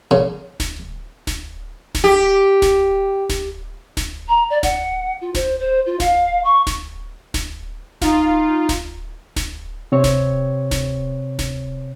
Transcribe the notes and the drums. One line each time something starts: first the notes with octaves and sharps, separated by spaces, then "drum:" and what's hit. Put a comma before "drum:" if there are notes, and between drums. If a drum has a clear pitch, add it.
C#3
drum: snare D1
drum: snare D1
drum: snare D1
G4
drum: snare D1
drum: snare D1
drum: snare D1
A#5
D5
F#5, drum: snare D1
F4
C5, drum: snare D1
C5
F4
F5, drum: snare D1
C#6
drum: snare D1
drum: snare D1
D#4 F4, drum: snare D1
drum: snare D1
drum: snare D1
C3 C4 C#5
drum: snare D1
drum: snare D1
drum: snare D1